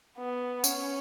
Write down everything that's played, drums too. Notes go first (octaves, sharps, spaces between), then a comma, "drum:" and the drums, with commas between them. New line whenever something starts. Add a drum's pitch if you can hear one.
B3
C#4, drum: tambourine